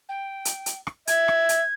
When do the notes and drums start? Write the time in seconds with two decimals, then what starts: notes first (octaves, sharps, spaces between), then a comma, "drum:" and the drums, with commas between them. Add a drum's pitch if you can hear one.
0.09 G5
0.45 drum: hi-hat
0.66 drum: hi-hat
0.87 drum: rim click
1.07 E5 G#6, drum: hi-hat
1.28 drum: rim click
1.49 drum: hi-hat